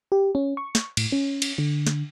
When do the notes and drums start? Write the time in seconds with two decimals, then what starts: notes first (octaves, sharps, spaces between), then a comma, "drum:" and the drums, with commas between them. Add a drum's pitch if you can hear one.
0.12 G4
0.35 C#4
0.57 C#6
0.75 drum: snare
0.97 A2, drum: cymbal
1.12 C#4
1.42 drum: cymbal
1.58 D3
1.87 drum: snare